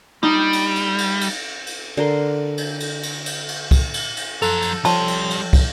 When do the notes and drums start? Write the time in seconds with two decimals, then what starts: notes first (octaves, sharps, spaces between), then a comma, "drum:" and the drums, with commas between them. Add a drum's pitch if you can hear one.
0.23 G3 D#4
0.53 drum: cymbal
0.76 drum: cymbal
0.98 drum: cymbal
1.21 drum: cymbal
1.66 drum: cymbal
1.97 D3 A#4 C6
2.57 drum: cymbal
2.80 drum: cymbal
3.03 drum: cymbal
3.26 drum: cymbal
3.48 drum: cymbal
3.71 drum: kick, cymbal
3.94 drum: cymbal
4.17 drum: cymbal
4.42 F#2 F3 A4 A#5 C6 F#6, drum: cymbal
4.62 drum: cymbal
4.85 F3 G3 C#5 G5 A5 C6, drum: cymbal
5.08 drum: cymbal
5.30 drum: cymbal
5.53 drum: kick, cymbal